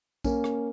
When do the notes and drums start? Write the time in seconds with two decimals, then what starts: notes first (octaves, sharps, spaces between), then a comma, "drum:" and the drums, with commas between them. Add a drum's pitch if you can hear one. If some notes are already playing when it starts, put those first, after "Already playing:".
0.24 A#3 C#4, drum: kick B1, tambourine
0.44 drum: rim click